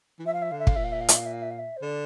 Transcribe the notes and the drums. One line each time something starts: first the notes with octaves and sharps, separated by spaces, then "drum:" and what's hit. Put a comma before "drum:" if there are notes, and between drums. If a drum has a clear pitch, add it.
E3
F3 E5
F5
E5
D3 F5
E5
F5, drum: kick
A#2 E5
F5
E5
F5
E5, drum: hi-hat
F5
E5
F5
E5
F5
E5
C5
D3 D5